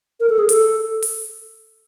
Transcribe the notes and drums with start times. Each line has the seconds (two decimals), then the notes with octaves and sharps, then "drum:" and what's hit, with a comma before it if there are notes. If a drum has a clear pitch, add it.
0.20 A#4
0.29 A4
0.39 G#4
0.49 A4, drum: hi-hat
1.02 drum: open hi-hat